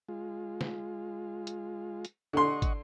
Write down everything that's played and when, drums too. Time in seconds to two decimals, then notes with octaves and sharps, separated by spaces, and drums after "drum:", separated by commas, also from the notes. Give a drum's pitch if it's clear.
0.08 G#3 F4
0.61 drum: snare
1.47 drum: hi-hat
2.05 drum: hi-hat
2.33 D3 D#5 F#5 C6 C#6
2.62 drum: kick, hi-hat